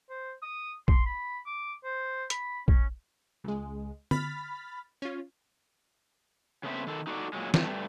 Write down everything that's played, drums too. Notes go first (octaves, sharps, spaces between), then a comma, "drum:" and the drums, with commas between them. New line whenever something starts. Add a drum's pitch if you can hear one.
C5
D#6
C6, drum: kick
B5
D6
C5
B5, drum: hi-hat
C#4, drum: kick
C#2 G#3
B5 F6 A6 B6, drum: tom D3
C#4 F4
C#3 A3 B3 C4 E5
D#3 A4
D#4 F#4 A4 D5
A#2 F#3 G#3
G2 A3, drum: snare